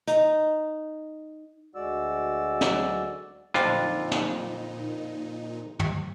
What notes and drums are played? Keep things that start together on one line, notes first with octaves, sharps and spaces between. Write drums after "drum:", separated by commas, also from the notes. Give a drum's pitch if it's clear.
D#4, drum: hi-hat
D2 G#3 F#4 D5 E6
drum: snare
F2 A#2 D3 D#4 F4, drum: rim click
drum: snare
drum: tom